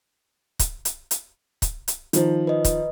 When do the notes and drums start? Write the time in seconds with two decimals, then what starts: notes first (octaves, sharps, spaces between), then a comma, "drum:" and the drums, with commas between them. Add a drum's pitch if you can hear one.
0.59 drum: kick, hi-hat
0.85 drum: hi-hat
1.11 drum: hi-hat
1.62 drum: kick, hi-hat
1.88 drum: hi-hat
2.13 D#3 F3, drum: hi-hat
2.47 B4 D#5
2.65 drum: kick, hi-hat